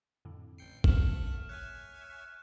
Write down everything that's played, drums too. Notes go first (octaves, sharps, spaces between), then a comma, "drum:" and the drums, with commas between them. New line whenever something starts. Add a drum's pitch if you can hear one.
F2 A2 D3
A1 G5 C7 C#7
D#3 F3 A3 F#5 F6 F#6 E7, drum: kick
C#5 E5 G#5 F#6